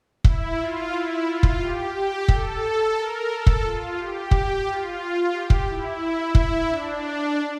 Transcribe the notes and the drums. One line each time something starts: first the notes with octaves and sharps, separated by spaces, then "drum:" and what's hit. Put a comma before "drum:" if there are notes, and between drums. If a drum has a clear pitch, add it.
E4, drum: kick
F4
E4
F4
drum: kick
G4
G4
A4, drum: kick
A#4
A4
drum: kick
F4
G4
drum: kick
F4
G4
drum: kick
E4
E4, drum: kick
D4